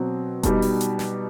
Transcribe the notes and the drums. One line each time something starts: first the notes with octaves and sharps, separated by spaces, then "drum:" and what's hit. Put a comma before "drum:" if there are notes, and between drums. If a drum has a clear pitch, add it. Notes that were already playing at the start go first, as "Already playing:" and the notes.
Already playing: B2 F#3 C4
B2 G3 D#4 G4, drum: kick F1, hi-hat
drum: open hi-hat
drum: hi-hat
drum: snare